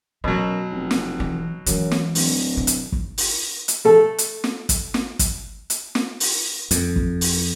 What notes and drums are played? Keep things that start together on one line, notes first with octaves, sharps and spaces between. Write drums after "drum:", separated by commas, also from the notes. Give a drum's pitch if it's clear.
F#2 B2 F#3 B3
F1
drum: snare
E3
F#2 E3 G#3, drum: hi-hat
drum: snare
D1, drum: open hi-hat
D3
drum: hi-hat
drum: kick
drum: open hi-hat
drum: hi-hat
A3 A4
drum: hi-hat
drum: snare
drum: kick, hi-hat
drum: snare
drum: kick, hi-hat
drum: hi-hat
drum: snare
drum: open hi-hat
F2, drum: hi-hat
drum: kick
drum: open hi-hat